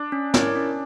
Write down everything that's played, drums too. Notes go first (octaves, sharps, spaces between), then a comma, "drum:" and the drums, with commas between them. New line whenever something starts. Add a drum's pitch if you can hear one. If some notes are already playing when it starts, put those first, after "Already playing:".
Already playing: D4
C#4
E4 A#4 C#5, drum: snare
C#4